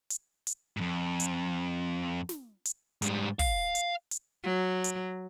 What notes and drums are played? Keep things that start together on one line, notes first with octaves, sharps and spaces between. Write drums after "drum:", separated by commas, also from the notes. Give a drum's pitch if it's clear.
drum: hi-hat
drum: hi-hat
F2 G#2
drum: hi-hat
drum: snare
drum: hi-hat
G#2 G3, drum: hi-hat
F5, drum: kick, open hi-hat
drum: hi-hat
drum: hi-hat
F#3
drum: hi-hat